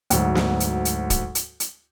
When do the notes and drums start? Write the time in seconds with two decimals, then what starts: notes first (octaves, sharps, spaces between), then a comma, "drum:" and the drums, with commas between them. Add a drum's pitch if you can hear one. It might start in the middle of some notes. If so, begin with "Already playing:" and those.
0.10 D2 G#2 F#3, drum: hi-hat
0.35 drum: snare
0.60 drum: hi-hat
0.85 drum: hi-hat
1.10 drum: kick, hi-hat
1.35 drum: hi-hat
1.60 drum: hi-hat